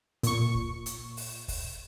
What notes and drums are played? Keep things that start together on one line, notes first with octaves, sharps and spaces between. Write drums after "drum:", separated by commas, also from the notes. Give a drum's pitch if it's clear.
A#2 C#6, drum: hi-hat
drum: kick
drum: hi-hat
drum: open hi-hat
drum: kick, open hi-hat